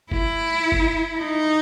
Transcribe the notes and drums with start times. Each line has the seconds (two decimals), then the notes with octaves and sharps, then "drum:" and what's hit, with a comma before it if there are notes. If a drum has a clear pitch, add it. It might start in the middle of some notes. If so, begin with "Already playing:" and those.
0.12 E4, drum: kick F#1
0.72 drum: kick F#1
1.19 D#4